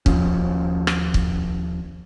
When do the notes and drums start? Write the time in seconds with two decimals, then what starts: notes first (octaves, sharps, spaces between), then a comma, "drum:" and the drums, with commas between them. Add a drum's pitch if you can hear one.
0.06 D#2 F3 C#4, drum: kick
0.87 drum: rim click
1.14 drum: kick